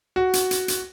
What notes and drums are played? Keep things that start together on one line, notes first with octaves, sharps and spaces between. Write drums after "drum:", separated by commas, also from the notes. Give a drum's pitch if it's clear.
F#4
drum: hi-hat
drum: hi-hat
drum: hi-hat